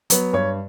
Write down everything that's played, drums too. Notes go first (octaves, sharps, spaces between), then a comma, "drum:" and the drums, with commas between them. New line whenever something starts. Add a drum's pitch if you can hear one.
F#3 B3, drum: hi-hat
G2 C#5